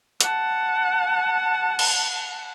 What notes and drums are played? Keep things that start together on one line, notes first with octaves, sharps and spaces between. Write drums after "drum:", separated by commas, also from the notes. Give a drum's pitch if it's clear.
F#5 A5, drum: hi-hat
drum: cymbal